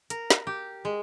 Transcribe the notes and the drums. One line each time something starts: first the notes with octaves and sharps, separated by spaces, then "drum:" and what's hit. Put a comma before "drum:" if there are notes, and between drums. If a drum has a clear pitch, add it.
A#4, drum: hi-hat
drum: snare
G4
G#3